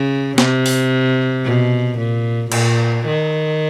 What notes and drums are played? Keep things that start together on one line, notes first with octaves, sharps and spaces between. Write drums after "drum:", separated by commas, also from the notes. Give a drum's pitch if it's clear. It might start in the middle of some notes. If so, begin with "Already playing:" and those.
Already playing: C#3
C3, drum: snare
drum: open hi-hat
B2
A#2
A#2, drum: cymbal
D#3